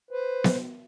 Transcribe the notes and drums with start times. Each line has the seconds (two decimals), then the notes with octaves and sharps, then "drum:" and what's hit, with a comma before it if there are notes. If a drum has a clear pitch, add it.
0.11 B4 C5
0.44 drum: snare B3